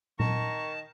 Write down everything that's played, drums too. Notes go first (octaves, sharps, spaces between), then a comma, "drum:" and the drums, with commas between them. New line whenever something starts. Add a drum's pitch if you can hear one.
D#3 A5 A#5 C#6, drum: tom A#2